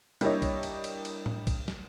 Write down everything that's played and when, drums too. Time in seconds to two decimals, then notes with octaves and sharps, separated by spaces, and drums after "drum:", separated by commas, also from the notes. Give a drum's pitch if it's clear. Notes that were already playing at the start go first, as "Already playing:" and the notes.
0.21 G3 A#3 D4 E4 C#5 D#5, drum: cymbal
0.42 drum: kick, cymbal
0.63 drum: cymbal
0.84 drum: cymbal
1.05 drum: cymbal
1.26 drum: tom A2
1.47 drum: kick, cymbal
1.68 drum: snare